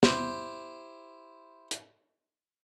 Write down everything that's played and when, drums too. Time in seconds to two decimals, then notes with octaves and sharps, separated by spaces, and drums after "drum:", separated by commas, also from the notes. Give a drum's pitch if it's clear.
0.03 E4 G4 C5, drum: snare
1.71 drum: hi-hat